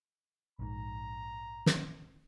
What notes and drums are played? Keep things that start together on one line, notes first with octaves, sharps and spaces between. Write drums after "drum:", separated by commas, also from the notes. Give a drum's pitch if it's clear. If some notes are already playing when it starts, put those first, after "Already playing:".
A#1 G#2 A#5
drum: snare